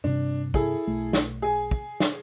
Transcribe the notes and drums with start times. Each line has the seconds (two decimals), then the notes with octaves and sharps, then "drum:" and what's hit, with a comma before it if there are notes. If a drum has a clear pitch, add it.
0.04 G2 C3 D4
0.54 E4 G#4 A4, drum: kick
0.87 B1 A3
1.13 drum: snare
1.42 G#4 G#5
1.71 drum: kick
2.00 drum: snare